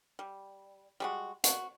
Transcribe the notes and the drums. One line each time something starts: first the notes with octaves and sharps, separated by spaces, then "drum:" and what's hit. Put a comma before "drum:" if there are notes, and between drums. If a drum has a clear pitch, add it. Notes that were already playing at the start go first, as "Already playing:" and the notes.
G3
G3 G#3 F#4
F#4, drum: hi-hat